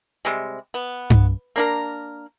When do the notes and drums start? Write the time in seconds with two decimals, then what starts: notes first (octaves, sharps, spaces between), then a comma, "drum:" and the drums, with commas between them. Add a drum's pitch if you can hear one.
0.25 C3 G3 G#3
0.74 B3
1.10 drum: tom G2
1.56 A#3 D4 A#4